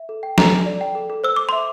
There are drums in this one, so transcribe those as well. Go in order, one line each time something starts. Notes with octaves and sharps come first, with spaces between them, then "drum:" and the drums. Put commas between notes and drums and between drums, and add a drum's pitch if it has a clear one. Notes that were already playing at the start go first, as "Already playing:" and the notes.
Already playing: E5
A4
G5
A4 A#5, drum: snare
A4
D5
G5
A4
A4
C5 E6
C5 D6
E5 C6